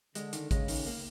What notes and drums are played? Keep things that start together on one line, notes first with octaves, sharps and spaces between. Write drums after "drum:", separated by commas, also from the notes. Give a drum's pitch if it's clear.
D3 G#3, drum: hi-hat
D#3, drum: hi-hat
C#3 G#3, drum: kick A1, hi-hat
D#3, drum: open hi-hat
A#3